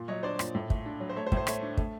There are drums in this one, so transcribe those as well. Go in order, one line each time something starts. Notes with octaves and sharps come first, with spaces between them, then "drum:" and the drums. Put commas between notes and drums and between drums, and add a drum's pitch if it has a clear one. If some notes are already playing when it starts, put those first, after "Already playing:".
Already playing: A#2
F#3 C#5 D#5
D4 C5 D5
A#2, drum: rim click
A2
A3, drum: kick
D4
F#3
C5
A3 C#5
C5
A2, drum: kick
C5
A3 C#5, drum: rim click
D4
A3, drum: kick